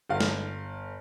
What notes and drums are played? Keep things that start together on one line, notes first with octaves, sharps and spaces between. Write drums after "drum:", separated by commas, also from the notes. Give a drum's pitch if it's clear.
G1 F5
drum: snare